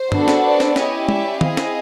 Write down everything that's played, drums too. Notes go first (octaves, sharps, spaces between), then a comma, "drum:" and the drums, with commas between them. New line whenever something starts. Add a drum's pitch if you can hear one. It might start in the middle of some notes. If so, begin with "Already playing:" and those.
Already playing: C5
B3 D4 F#4 A4, drum: tom
drum: snare
C5 D5
drum: snare
C#4 E4 G4 C#5 D#5, drum: snare
D5 E5, drum: tom G#3
C4 E4 G#4 D#5 F5, drum: tom D#3
drum: snare